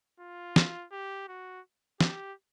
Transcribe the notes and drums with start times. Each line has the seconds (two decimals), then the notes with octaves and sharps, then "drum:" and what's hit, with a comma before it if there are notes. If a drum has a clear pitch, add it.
0.20 F4
0.56 drum: snare
0.92 G4
1.28 F#4
2.00 G4, drum: snare